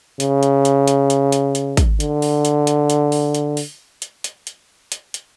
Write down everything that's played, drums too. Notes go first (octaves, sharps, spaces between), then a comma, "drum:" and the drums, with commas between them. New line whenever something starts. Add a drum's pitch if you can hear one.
C#3, drum: hi-hat
drum: hi-hat
drum: hi-hat
drum: hi-hat
drum: hi-hat
drum: hi-hat
drum: hi-hat
drum: kick, hi-hat
D3, drum: hi-hat
drum: open hi-hat
drum: hi-hat
drum: hi-hat
drum: hi-hat
drum: open hi-hat
drum: hi-hat
drum: open hi-hat
drum: hi-hat
drum: hi-hat
drum: hi-hat
drum: hi-hat
drum: hi-hat